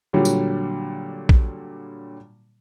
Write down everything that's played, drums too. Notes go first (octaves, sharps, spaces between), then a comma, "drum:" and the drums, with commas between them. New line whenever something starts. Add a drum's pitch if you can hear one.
A#2 D3 F#3 G3
drum: tambourine
drum: kick